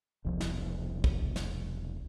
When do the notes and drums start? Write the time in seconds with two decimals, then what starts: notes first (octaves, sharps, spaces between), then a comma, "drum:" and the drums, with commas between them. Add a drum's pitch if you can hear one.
0.25 E1 C2 F3
0.41 drum: snare
1.04 drum: kick
1.36 drum: snare